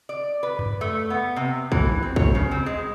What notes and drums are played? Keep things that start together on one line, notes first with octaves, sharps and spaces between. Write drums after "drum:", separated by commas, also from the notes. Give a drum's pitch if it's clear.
D5
B4
drum: tom F2
A3
B3
C3
E3, drum: kick
C4
C#5, drum: kick
C#3
C4
G#3